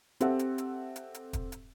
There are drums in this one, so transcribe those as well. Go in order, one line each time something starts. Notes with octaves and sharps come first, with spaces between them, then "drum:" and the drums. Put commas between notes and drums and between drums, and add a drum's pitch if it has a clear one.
C4 G4 A4 E5 F#5, drum: hi-hat
drum: hi-hat
drum: hi-hat
drum: hi-hat
drum: hi-hat
drum: kick, hi-hat
drum: hi-hat